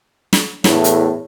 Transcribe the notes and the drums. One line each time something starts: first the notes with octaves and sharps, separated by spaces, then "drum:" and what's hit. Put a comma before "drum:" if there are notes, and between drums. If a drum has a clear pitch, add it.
drum: snare
E2 A2, drum: snare
drum: hi-hat